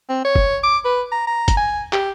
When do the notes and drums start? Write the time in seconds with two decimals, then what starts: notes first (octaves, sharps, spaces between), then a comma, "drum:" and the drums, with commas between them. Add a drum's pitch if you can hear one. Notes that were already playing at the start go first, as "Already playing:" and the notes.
0.09 C4
0.25 C#5
0.35 drum: kick
0.63 D6
0.85 B4
1.12 A#5
1.27 A#5
1.48 drum: kick, hi-hat
1.57 G#5
1.93 G4, drum: clap